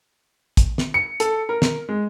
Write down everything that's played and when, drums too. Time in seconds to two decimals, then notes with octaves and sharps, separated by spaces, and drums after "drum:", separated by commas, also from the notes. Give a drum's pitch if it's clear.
0.57 drum: kick, hi-hat
0.78 drum: snare
0.94 C#7
1.20 A4, drum: hi-hat
1.49 A#4
1.62 drum: snare
1.89 G#3